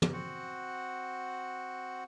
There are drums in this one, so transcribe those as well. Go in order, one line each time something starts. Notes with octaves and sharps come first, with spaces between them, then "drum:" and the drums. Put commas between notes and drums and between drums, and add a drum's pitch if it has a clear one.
drum: tom
C4 F#4 F#5